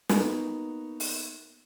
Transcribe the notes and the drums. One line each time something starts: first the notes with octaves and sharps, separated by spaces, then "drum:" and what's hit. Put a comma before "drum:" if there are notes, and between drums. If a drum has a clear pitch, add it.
A#3 B3 D#4 F#4, drum: snare
drum: open hi-hat